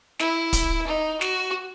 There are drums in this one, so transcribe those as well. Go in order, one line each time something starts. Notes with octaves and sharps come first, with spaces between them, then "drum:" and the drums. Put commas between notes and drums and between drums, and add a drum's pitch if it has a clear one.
E4, drum: snare
drum: kick, hi-hat
D#4
F#4, drum: snare